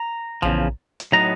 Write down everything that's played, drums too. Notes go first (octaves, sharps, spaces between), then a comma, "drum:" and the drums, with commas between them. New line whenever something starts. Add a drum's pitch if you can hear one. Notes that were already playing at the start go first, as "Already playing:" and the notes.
Already playing: A#5
E2 C#3 F3, drum: tom A#1
drum: hi-hat
A2 F#3 B3 D#4 A#5